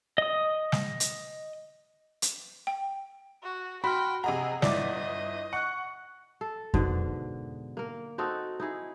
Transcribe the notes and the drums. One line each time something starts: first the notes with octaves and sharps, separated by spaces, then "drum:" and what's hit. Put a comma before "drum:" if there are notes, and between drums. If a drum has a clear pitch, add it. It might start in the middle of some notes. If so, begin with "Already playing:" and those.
D#5 D#6
drum: snare
drum: hi-hat
drum: hi-hat
G5
F#4
F#4 G5 B5 C6 F6
C3 G#4 D#5 F#5 A#5
G1 E4 D5 D#5 A6, drum: snare
F#5 C#6 F#6 C#7
A4
G#2 B2 D3, drum: kick F2
A#3 A#4
C4 D#4 F#4 A4
D#4 E4 G#4